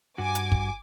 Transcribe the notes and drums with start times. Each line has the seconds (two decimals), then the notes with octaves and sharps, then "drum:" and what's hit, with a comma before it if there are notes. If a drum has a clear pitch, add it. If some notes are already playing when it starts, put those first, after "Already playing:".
0.18 G2 F#4 G#5 D6
0.35 drum: hi-hat
0.52 drum: kick